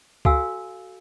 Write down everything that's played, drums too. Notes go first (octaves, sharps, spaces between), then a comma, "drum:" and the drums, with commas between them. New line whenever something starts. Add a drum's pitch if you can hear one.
F#4 A4 F5 G#5 E6, drum: kick C#2